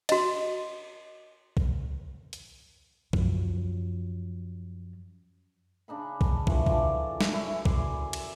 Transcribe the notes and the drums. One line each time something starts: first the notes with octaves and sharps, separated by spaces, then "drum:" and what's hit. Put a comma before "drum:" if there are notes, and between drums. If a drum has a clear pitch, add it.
F#4 D#5, drum: cymbal
drum: kick
drum: hi-hat
F#2 F3, drum: kick
C#3 D4 D#4 B5
A5, drum: kick
D3 E3 F3 C#6, drum: kick
F3 D5 A5, drum: kick
drum: snare
F#2 E4 C#5
D5 G#5 C6, drum: kick
drum: cymbal